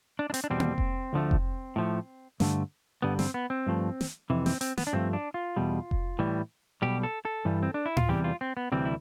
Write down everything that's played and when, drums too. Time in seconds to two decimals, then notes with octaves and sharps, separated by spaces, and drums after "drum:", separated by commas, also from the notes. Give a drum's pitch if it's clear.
0.19 D4
0.30 D4
0.34 C4, drum: hi-hat
0.44 D4
0.50 E2 B2 G3 C4
0.60 drum: tom A#3
0.78 drum: kick F1
1.13 D2 D3 F3 A3
1.31 drum: kick F1
1.76 A2 F3 A3
2.40 G2 D3 A3, drum: snare
3.02 G2 D3 G3 B3
3.19 C4, drum: snare
3.34 B3
3.50 C4
3.67 G2 F3 A3
4.01 drum: snare
4.30 F2 C3 E3
4.46 C4, drum: snare
4.61 C4, drum: hi-hat
4.78 B3, drum: snare
4.87 D4
4.93 G2 F3 A3 C4
5.13 D4
5.34 F4
5.56 E2 B2 G3
5.91 drum: kick F1
6.19 A2 E3 G3
6.82 B1 B2 G3 G4
7.03 A4
7.25 A4
7.45 G2 E3 G3
7.63 C4
7.74 D4
7.86 E4
7.97 F4, drum: tom A2
8.09 E2 C3 E3 G3 G4
8.24 F4
8.41 C4
8.57 B3
8.72 D2 C3 E3 G3 C4
8.85 E4